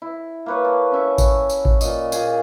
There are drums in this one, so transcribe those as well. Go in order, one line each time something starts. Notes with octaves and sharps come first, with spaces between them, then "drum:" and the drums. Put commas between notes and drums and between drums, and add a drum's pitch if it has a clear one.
E4
A#3 B4 C#5
A5
C#4 E5 C#6
drum: kick G#1, tambourine
drum: tambourine
drum: kick G#1
A#2 D#5, drum: tambourine
A#2 G#4, drum: tambourine